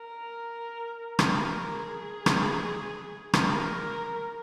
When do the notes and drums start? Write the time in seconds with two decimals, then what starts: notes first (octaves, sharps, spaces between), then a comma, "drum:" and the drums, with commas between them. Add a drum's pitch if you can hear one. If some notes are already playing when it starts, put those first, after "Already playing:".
Already playing: A#4
1.19 drum: rim click
1.37 A#4
1.72 G#4
2.26 drum: rim click
3.33 drum: rim click
3.52 A#4